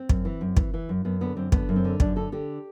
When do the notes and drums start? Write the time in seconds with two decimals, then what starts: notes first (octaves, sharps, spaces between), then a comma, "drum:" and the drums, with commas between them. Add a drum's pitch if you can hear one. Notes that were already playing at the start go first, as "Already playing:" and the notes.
Already playing: C4
0.09 F#2, drum: kick
0.25 E3
0.41 F#2
0.57 E3, drum: kick
0.74 E3
0.89 F#2
1.05 F#2 B3
1.21 D3 B3
1.36 F#2 C4
1.52 D3 B3, drum: kick
1.69 F#2
1.76 C4
1.84 D3
2.00 F#2 D4, drum: kick
2.16 D3 A4
2.32 D3 G4